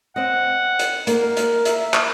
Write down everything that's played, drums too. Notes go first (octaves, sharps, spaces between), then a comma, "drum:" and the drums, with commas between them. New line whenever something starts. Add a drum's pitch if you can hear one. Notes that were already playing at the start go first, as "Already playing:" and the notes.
C4 D#5 F#5
drum: hi-hat
A#3 D#4 A#4, drum: hi-hat
drum: hi-hat
E5, drum: hi-hat
drum: clap